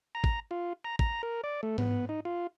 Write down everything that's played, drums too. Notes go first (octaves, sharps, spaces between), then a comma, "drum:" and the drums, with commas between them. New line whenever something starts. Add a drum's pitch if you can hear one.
A#5
drum: kick
F4
A#5
A#5, drum: kick
A#4
D5
A3
B3, drum: tom G#2
D#4
F4